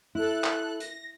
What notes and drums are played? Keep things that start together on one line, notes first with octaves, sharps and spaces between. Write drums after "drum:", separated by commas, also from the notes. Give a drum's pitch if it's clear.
E4 A4 F#6
drum: clap
A#6, drum: hi-hat